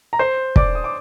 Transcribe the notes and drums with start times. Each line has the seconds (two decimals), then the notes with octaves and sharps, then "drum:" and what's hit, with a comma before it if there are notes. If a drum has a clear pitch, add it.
0.13 A#5
0.19 C5 C6
0.56 D5 D6, drum: kick
0.75 D#6
0.84 D6